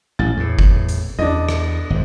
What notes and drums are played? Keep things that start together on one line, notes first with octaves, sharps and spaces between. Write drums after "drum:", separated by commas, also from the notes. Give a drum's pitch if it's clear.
A1 A6
E2 A2
drum: kick F#1
drum: hi-hat
E2 D4 D#5
drum: rim click
G#1 F2